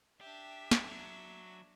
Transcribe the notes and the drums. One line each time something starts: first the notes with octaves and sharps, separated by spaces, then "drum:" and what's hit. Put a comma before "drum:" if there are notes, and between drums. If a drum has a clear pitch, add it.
D4 G4 E5
drum: snare
F#3